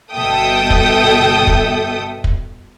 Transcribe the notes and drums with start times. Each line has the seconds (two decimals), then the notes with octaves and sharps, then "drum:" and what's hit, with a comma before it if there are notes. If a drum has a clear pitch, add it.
0.13 G1 B2 A4 E5 G5 D#6
0.70 drum: kick
1.47 drum: kick
2.24 drum: kick